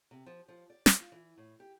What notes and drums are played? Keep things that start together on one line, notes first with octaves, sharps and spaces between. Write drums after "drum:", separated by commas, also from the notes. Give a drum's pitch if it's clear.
C3
F3
F3
D5
A2, drum: snare
F4
E3
A2
G4